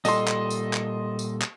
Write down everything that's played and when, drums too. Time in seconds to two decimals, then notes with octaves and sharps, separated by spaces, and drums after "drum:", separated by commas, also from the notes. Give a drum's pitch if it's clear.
0.05 A#2 G3 A4 D#5 C6, drum: tambourine
0.28 drum: clap
0.50 drum: tambourine
0.73 drum: clap
1.19 drum: tambourine
1.42 drum: clap